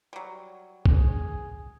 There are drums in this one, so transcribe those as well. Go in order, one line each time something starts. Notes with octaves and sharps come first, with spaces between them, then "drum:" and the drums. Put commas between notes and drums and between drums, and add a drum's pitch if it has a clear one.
F#3 G3
G#4, drum: kick